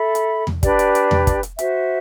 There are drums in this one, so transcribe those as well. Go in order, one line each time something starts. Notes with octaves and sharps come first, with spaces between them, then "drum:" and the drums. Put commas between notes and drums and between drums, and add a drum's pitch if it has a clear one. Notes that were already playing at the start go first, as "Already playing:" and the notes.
Already playing: A4 E5 B5
drum: hi-hat
drum: tom E2
D4 G4 B4 D5, drum: kick, hi-hat
drum: hi-hat
drum: hi-hat
drum: tom E2
drum: kick, hi-hat
drum: hi-hat
F#4 C5 E5, drum: hi-hat